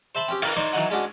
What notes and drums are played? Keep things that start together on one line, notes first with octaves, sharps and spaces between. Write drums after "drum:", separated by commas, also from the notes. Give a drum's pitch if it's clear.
C5 E5 A5 B5 C6
C4 C#4 G4
A#4 B4 F5 G5, drum: cymbal
D#4 C5 D5 C6 C#6
E3 F#3 D#4 F#5
G#3 C#4 D4 F#4 G#4